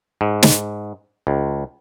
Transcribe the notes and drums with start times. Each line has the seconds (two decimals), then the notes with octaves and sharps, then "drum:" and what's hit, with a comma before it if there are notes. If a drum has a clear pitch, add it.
0.21 G#2
0.43 drum: snare
1.27 C#2